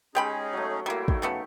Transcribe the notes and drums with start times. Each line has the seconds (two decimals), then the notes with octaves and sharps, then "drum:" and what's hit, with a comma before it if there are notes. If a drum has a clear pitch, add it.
0.15 G#3 C#4 D#4 G4 G#4 G5 B5
0.53 F#3 A3
0.86 F#3 G3 A#3 E4
1.08 F2 D#3, drum: kick
1.22 C#3 A3 B3 G4